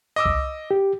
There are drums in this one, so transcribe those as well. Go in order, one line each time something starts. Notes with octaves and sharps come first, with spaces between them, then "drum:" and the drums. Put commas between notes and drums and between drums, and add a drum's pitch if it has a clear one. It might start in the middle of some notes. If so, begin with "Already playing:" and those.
D#5 D6 E6
drum: kick C2
G4